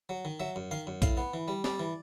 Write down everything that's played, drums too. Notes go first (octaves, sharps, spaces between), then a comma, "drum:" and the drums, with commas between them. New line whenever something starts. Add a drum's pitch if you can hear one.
F#3
D#3
F#3 E5
F#2
D#3 F5
F#2
A2 F5, drum: kick A#1, hi-hat
B3
E3
G3
G3 D5, drum: snare
E3